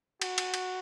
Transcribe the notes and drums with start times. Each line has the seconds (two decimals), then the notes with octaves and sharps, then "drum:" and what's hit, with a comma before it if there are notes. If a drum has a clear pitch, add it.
0.22 F#4, drum: cymbal
0.38 drum: cymbal
0.54 drum: cymbal